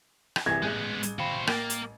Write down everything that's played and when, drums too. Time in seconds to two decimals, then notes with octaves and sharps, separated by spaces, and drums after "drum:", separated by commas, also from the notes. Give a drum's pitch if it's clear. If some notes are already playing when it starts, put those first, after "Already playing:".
0.36 drum: rim click
0.46 C2 E3 G#4 G#6 A#6
0.63 A1 G#3 B3 G#4 F#6 G6
1.03 drum: hi-hat
1.19 F#4 C5 F5 G5 B5
1.47 A#3 A#4 G5 A6, drum: rim click
1.70 drum: hi-hat